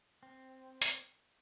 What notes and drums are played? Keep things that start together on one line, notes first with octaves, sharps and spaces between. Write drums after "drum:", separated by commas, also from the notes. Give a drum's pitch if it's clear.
C4
drum: hi-hat